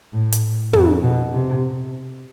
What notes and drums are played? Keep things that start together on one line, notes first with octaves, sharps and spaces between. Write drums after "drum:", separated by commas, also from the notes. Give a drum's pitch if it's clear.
A2
drum: hi-hat
F2, drum: tom
B2
C3